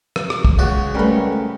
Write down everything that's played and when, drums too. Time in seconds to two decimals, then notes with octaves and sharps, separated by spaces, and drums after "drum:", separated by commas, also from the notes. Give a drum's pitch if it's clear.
0.16 drum: rim click
0.30 drum: rim click
0.45 drum: kick
0.59 C#2 G#3 F#4
0.95 G3 A3 C#4 A#4 B4